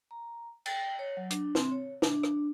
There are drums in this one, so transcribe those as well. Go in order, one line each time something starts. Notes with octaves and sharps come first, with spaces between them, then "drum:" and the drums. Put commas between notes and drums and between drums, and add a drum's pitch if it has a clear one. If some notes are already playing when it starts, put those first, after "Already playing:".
A#5
G5, drum: cymbal
C#5
F#3
D4, drum: hi-hat
C4, drum: snare
C#5
D4, drum: snare
drum: rim click